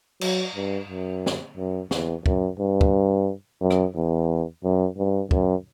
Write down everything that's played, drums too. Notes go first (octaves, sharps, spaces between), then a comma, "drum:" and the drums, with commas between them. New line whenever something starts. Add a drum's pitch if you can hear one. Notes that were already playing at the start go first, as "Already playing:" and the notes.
F#3, drum: cymbal
G2
F#2
drum: snare
F#2
E2, drum: snare
F#2, drum: kick
G2
drum: kick
F#2
drum: rim click
E2
F#2
G2
F#2, drum: kick